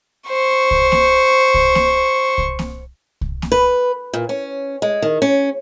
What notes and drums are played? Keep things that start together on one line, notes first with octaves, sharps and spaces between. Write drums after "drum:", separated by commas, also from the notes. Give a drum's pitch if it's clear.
C5 C#6
drum: kick C2
drum: snare A#3
drum: kick C2
drum: snare A#3
drum: kick C2
drum: snare A#3
drum: kick C2
drum: snare A#3
B4
A#2
C#4
G#3
D#3
C#4